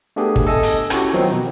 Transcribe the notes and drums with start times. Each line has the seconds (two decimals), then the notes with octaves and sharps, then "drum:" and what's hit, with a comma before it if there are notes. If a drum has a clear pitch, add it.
0.16 A3 B3 D4 G4 G#4
0.36 drum: kick
0.47 A4 D#5 G#5
0.63 drum: hi-hat
0.90 C#4 E4 F#4 G4, drum: rim click
1.13 D#3 F3 F#3 B3 C4 D#4
1.31 B2